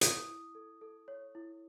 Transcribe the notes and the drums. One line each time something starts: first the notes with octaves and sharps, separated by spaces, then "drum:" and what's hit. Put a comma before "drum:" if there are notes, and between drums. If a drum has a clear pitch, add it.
E4 D#6, drum: hi-hat
E4
A4
A4
C#5
E4